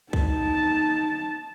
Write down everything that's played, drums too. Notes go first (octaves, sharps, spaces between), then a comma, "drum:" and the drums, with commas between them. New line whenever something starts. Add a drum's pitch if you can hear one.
D#4 A5, drum: kick